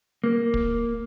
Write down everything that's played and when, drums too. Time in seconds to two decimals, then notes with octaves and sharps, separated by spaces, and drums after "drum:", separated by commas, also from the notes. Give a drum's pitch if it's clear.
0.24 A#3
0.54 drum: kick